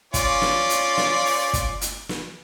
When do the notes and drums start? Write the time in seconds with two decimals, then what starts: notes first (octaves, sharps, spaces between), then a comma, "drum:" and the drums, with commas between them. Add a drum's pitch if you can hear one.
0.14 C#4 F4 D5, drum: kick, hi-hat
0.42 drum: snare
0.70 drum: hi-hat
0.98 drum: snare
1.25 drum: open hi-hat
1.53 drum: kick, hi-hat
1.81 drum: hi-hat
2.09 drum: snare